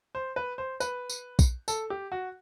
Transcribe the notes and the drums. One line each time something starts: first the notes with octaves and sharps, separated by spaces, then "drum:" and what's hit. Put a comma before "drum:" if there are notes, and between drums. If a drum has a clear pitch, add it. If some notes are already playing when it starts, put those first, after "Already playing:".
C5
B4
C5
B4, drum: tambourine
drum: tambourine
drum: kick, tambourine
A4, drum: tambourine
G4
F#4